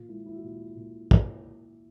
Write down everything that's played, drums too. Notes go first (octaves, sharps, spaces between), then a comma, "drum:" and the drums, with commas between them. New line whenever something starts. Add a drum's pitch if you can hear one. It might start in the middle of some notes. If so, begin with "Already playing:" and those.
Already playing: A#2 F4
G#3 E4
E4
F#4
A#2 F4
A#2
drum: kick